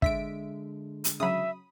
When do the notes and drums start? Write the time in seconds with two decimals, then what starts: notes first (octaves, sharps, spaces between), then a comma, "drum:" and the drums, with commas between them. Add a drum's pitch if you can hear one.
0.02 D3 G#3 E5 B6 D7, drum: kick
1.04 drum: hi-hat
1.20 C#3 F#3 E5 B5 D#6